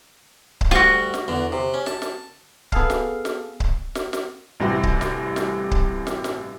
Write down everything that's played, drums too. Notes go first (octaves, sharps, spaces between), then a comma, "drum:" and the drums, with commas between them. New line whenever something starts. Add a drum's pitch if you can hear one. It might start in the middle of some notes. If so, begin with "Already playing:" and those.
drum: kick C#1
D2 G3 F4 F#4 C#6
drum: snare
E2 D3
C3
C#4
A5, drum: snare
drum: snare
B3 G#4 A4 F5, drum: kick C#1
drum: snare
drum: snare
drum: kick C#1
drum: snare
drum: snare
A1 G2 C3 F#4
drum: kick C#1
drum: snare
drum: snare
drum: kick C#1
drum: snare
drum: snare